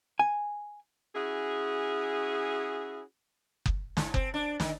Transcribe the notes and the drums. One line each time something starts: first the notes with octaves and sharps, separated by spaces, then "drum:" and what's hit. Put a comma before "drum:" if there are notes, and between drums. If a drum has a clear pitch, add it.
G#5
C#4 E4 F#4 G#4
drum: kick F#1
G#2, drum: snare
C4, drum: kick F#1
D4
D#3, drum: snare